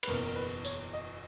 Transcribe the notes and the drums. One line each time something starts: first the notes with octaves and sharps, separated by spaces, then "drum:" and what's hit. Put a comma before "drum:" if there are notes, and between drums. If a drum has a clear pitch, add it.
B4, drum: cymbal
F#1 E2 B2 A#4
A#4
B4
C#5, drum: tambourine
D#5